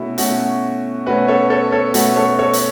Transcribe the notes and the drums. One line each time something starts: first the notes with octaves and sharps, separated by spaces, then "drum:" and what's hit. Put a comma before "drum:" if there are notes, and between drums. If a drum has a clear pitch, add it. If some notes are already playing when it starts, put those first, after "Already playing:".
Already playing: B2 A3 C#4 E4
B2 A3 C#4 F#4, drum: hi-hat
B2 A3 C#4 F#4 B4
A4 C#5
A4 C#5
A4 C#5
B2 A3 C#4 F#4 B4, drum: hi-hat
A4 C#5
A4 C#5
drum: hi-hat